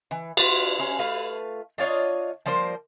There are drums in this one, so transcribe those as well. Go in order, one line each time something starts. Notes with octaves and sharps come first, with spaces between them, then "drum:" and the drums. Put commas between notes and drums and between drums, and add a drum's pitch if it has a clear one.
E3
D4 F4 F#4 B4, drum: cymbal
C#4 C5 A#5
A3 F4 B4 F5
D4 F4 C#5 D#5
F3 G3 A#3 C5